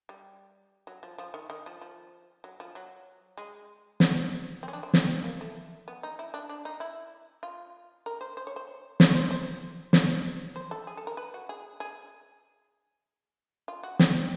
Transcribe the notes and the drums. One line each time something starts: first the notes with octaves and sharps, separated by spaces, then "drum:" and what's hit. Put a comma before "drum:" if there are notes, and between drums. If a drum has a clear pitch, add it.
G3
F#3
F3
F3
D#3
D#3
F3
F3
F#3
F3
F#3
G#3
B3, drum: snare
C4
C#4
D4
C4
drum: snare
A#3
A3
B3
D#4
E4
D4
D4
D#4
E4
F4
A#4
C5
C5
C#5
C5
C#5, drum: snare
C5
C5
C#5, drum: snare
C5
A4
G#4
A4
A#4
B4
F#4
G#4
G#4
F4
F#4
G4, drum: snare